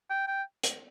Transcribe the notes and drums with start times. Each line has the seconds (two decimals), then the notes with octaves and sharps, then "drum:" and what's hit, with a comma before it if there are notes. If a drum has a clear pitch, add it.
0.10 G5
0.28 G5
0.63 drum: hi-hat